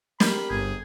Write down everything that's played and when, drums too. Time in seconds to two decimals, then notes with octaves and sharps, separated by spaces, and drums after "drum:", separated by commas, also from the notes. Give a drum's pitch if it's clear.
0.20 C4 G4 A#4 B5, drum: snare
0.50 G1 G#4 G6